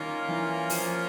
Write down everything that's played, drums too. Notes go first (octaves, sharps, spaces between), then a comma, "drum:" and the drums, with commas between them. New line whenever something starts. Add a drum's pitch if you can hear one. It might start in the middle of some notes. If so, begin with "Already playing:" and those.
Already playing: D#3 G3 A#3 C#4 F4 A#4
E3
F3, drum: open hi-hat